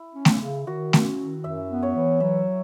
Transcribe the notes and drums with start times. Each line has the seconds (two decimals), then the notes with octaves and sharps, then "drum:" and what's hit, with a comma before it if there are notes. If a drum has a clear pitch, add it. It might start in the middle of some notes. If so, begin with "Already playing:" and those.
Already playing: E4
0.15 C#4
0.25 drum: snare A3
0.41 C#3
0.67 D#3 F#4
0.93 C#4, drum: snare A3
1.18 D#3
1.44 F#2 E5
1.70 B3
1.83 C#5
1.96 E3
2.20 F#3 E5